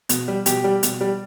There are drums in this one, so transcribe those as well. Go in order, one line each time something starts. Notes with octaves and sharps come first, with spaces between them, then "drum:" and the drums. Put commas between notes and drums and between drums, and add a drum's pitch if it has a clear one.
B2, drum: hi-hat
G3
B2 G4, drum: hi-hat
G3
B2, drum: hi-hat
G3